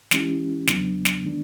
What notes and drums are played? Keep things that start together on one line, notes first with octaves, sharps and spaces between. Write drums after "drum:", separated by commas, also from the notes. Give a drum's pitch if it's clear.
E3 G#3 C#4 E4 G4, drum: snare
E2 C#3 F#3 B3 D4, drum: snare
drum: snare
D#3 G#3 B3 D4